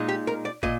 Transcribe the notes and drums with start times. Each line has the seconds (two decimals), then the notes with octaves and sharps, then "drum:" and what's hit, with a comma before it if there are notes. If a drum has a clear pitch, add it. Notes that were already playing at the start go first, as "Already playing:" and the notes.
Already playing: A#2 G#3 D#4
0.08 G4
0.27 A#4
0.45 D5
0.63 A#2 D#5, drum: kick